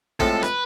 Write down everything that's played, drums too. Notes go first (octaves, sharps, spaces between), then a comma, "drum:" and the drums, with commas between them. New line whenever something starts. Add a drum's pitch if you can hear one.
A2 F3 G#3 C4 A4, drum: kick
B4, drum: rim click